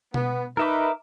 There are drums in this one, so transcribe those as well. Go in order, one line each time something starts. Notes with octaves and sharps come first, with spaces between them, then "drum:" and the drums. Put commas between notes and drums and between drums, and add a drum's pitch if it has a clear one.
B3, drum: tom B2
D#4 A#4 B4 E5 D6